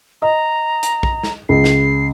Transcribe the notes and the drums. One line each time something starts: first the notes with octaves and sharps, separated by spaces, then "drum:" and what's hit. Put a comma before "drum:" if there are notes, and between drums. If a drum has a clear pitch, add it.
D#5 A#5
drum: hi-hat
drum: kick
drum: snare
C#2 C7
drum: snare